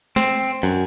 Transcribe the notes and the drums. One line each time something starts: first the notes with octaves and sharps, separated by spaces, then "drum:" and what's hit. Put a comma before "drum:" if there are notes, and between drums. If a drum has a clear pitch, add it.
C4, drum: snare
F#2, drum: cymbal